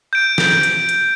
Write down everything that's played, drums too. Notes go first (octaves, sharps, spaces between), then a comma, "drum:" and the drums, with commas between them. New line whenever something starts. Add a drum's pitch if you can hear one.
G6 D7
drum: snare
drum: hi-hat
drum: hi-hat